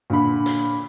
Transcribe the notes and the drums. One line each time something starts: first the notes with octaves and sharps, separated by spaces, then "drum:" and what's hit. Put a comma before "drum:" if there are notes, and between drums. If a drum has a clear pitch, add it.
A#2 D3 B5
drum: hi-hat